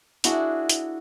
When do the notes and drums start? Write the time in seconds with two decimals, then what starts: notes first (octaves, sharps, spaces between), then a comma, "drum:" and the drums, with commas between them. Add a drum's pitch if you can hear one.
0.24 D4 E4 F#4 G#4, drum: hi-hat
0.69 drum: hi-hat